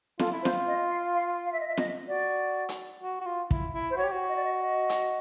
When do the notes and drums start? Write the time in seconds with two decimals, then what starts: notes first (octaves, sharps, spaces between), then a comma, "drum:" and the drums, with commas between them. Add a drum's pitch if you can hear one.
0.19 F4 A4, drum: snare
0.32 E4
0.43 C5
0.45 F4, drum: snare
0.67 D#5
0.90 F5
1.14 F5
1.45 F5
1.53 E5
1.60 D#5
1.68 E5
1.77 D#5, drum: snare
2.08 F#4 D5
2.69 drum: hi-hat
3.03 F#4
3.21 F#4
3.26 F4
3.51 E4, drum: kick
3.74 E4
3.90 C5
3.97 F#4 C#5
4.04 G4
4.13 F#4
4.29 D#5
4.36 D5
4.44 D#5
4.60 D#5
4.89 drum: hi-hat